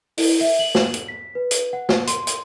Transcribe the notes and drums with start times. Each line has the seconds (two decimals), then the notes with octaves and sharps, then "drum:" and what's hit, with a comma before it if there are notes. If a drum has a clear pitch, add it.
0.18 E4, drum: open hi-hat
0.41 E5
0.59 F#7
0.75 drum: snare
0.94 drum: hi-hat
1.08 B6
1.35 B4
1.51 drum: hi-hat
1.73 F#5
1.89 drum: snare
2.07 C6, drum: hi-hat
2.27 drum: hi-hat